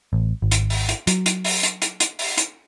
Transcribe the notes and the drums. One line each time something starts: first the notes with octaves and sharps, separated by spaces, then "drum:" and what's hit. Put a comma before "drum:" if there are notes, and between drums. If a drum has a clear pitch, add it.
A1
G#1
drum: hi-hat
drum: open hi-hat
drum: hi-hat
F#3, drum: hi-hat
drum: hi-hat
drum: open hi-hat
drum: hi-hat
drum: hi-hat
drum: hi-hat
drum: open hi-hat
drum: hi-hat